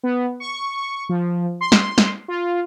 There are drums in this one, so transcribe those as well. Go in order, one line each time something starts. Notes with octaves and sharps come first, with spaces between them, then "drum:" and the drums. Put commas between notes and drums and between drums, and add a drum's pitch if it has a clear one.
B3
C#6
F3
C6
drum: snare
drum: snare
F4